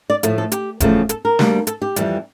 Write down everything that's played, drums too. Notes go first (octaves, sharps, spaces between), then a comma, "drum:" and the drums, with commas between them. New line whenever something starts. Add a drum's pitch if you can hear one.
D5
A2 F3 A3, drum: hi-hat
A4
G4, drum: hi-hat
E2 C#3 F3 A3, drum: kick E1, hi-hat
A4, drum: hi-hat
A#4
D2 D3 G3 A#3, drum: snare
A4, drum: hi-hat
G4
F2 E3 G3, drum: hi-hat